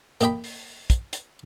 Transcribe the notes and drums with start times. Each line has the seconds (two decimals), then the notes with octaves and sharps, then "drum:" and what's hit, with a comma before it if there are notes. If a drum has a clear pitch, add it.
0.21 A#3 G4 D#5 G5 B5, drum: hi-hat
0.44 drum: open hi-hat
0.90 drum: kick, hi-hat
1.13 drum: hi-hat